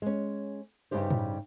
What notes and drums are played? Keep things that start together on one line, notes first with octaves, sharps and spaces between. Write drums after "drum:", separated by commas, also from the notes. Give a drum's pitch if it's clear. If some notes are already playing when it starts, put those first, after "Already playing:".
G#3 C#4
G2 C#3 G3 D#4 G4 C5
drum: tom A2